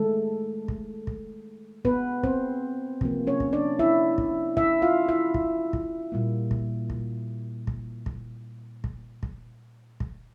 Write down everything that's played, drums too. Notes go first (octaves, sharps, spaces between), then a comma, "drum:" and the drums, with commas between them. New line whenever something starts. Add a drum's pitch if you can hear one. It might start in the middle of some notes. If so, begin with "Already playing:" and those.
Already playing: D#3 G#3 A3 A4
drum: kick
drum: kick
B3 B4, drum: kick
C4 C5, drum: kick
C3 F3 A#3, drum: kick
C#4 C#5
drum: kick
D4 D5
E4 E5
drum: kick
E4 E5, drum: kick
F4 F5
E4 E5
drum: kick
drum: kick
A#2 G3 A#3
drum: kick
drum: kick
drum: kick
drum: kick
drum: kick
drum: kick
drum: kick